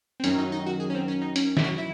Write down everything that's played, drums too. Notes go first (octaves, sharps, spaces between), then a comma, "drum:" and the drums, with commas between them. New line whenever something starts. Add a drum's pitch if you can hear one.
C4
F#2 D#3 F#3 C#4, drum: hi-hat
D#4
D#4
F#4
G#4
C#4
C4
C#4
D#4
C#4, drum: hi-hat
E4, drum: snare
F#4
E4